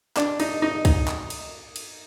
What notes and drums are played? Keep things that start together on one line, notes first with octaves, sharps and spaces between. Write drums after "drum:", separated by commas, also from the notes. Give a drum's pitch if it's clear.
D4, drum: clap
D#4, drum: cymbal
D#4
D#4, drum: kick C2, cymbal
drum: clap
drum: cymbal
drum: cymbal